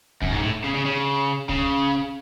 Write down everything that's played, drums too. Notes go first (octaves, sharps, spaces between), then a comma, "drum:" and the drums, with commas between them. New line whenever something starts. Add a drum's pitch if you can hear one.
F#2, drum: kick C2
G#2
A2
C#3
C#3
C#3
C#3, drum: kick C2